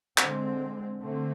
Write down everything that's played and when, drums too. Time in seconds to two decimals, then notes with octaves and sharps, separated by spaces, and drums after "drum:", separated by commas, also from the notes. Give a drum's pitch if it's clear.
0.18 D3 G#3 C4, drum: clap
1.00 D3 A3 C4